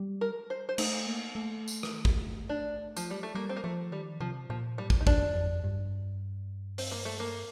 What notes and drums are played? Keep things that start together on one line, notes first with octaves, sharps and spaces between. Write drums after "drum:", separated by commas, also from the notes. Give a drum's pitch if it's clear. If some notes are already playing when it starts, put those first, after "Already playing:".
Already playing: G3
A#4
C5
C5
A3 D#4, drum: cymbal
A#3
A3
drum: tambourine
drum: rim click
drum: kick
D4
F3, drum: tambourine
G3
A3
G3 A#3
C4
A#3
F3 A3
D#3 G3
C3 F3
A#2 F3
A2 G3
drum: kick
D#4
F2 D4, drum: kick
F2
G2
C4, drum: open hi-hat
A#3
A3
A#3